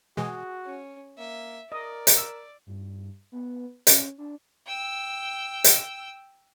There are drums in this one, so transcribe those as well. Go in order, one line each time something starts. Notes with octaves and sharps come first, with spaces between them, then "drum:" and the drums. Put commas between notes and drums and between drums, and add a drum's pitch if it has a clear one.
B2 E3 G#3 F#4 G#4
C#4
A#3 E5
A#4 D5 D#5
drum: hi-hat
E6
G2
B3
C#4, drum: hi-hat
D4
G5 E6
drum: hi-hat